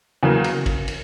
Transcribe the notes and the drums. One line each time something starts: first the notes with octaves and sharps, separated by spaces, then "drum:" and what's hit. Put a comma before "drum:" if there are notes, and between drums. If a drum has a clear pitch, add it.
E2 C#3 F#3 A#3
drum: cymbal
drum: kick, cymbal
drum: cymbal